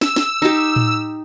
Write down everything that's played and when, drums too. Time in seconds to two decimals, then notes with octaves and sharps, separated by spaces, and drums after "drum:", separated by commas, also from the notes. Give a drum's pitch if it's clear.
0.01 E6, drum: snare
0.16 drum: snare
0.42 D#4 G4
0.76 drum: tom A2